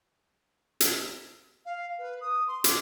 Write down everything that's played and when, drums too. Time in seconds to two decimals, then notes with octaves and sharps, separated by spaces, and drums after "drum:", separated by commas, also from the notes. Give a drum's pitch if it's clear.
0.80 drum: hi-hat
1.66 F5
1.99 B4
2.21 D#6
2.48 C6
2.64 D6, drum: hi-hat